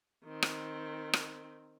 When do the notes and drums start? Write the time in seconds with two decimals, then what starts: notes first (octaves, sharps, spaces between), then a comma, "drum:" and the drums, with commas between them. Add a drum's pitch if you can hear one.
0.25 D#3 C4
0.42 drum: rim click
1.13 drum: rim click